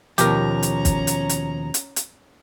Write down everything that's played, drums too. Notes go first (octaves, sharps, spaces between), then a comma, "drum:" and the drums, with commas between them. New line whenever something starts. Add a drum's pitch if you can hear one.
D#2 B2 F3 C#4 G4 A#4 A#5, drum: hi-hat
drum: hi-hat
drum: kick, hi-hat
drum: hi-hat
drum: hi-hat
drum: hi-hat
drum: hi-hat